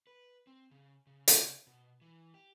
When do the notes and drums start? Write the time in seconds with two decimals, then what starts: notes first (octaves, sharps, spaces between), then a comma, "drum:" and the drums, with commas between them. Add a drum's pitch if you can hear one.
0.07 B4
0.47 C4
0.71 C#3
1.07 C#3
1.28 drum: hi-hat
1.67 B2
2.01 E3
2.34 G4